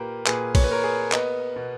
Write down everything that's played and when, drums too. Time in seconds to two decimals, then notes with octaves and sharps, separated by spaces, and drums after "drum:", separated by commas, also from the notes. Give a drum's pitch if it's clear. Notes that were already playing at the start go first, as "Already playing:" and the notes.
Already playing: A#2 A#3 G4 A#4 B4
0.26 A#2 G#4 B4, drum: clap
0.55 C#5, drum: kick A#1, cymbal
0.64 B4
0.69 A#3 A#4 C#5
0.83 G#4 B4
1.12 B3 B4 D#5, drum: clap
1.56 B2